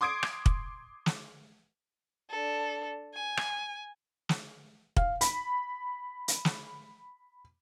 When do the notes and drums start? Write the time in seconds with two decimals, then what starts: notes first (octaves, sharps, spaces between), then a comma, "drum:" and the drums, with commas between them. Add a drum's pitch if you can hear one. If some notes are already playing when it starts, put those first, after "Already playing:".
0.01 C6 D6 D#6 G#6 C7 D7
0.23 drum: rim click
0.46 drum: kick
1.06 drum: snare
2.30 D4 A4
3.15 G#5
3.37 drum: rim click
4.29 drum: snare
4.96 F5, drum: kick
5.21 B5, drum: hi-hat
6.28 drum: hi-hat
6.45 drum: snare